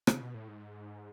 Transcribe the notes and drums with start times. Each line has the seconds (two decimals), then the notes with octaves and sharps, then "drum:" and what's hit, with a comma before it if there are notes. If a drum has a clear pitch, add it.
0.07 C#3, drum: rim click
0.21 B2
0.35 A2
0.48 G#2